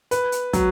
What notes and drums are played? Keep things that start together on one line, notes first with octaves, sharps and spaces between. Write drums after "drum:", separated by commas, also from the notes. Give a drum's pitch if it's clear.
B4, drum: hi-hat
drum: hi-hat
F#3, drum: kick, hi-hat